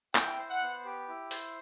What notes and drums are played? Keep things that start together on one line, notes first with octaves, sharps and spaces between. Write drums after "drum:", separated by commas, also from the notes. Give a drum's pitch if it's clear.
E4 G5, drum: clap
C5
F#5
B3
G4
E4
C5, drum: open hi-hat